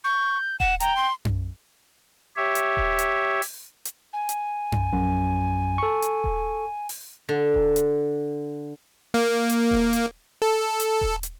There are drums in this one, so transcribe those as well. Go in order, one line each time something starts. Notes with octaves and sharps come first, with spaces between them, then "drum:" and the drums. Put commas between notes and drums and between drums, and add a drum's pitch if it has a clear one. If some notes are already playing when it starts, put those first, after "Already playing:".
C#6 G6
F#5 E7, drum: kick D#1
G5 A#5, drum: hi-hat
C6
drum: tom F#2
G4 C#5 E5
drum: hi-hat
drum: kick D#1
drum: hi-hat
drum: open hi-hat
drum: hi-hat
G#5
drum: hi-hat
drum: tom F#2
A#1 F#2
A4 C#6
drum: hi-hat
drum: kick D#1
drum: open hi-hat
D3
drum: kick D#1
drum: hi-hat
A#3
drum: hi-hat
drum: kick D#1
drum: hi-hat
A4
drum: hi-hat
drum: kick D#1
drum: hi-hat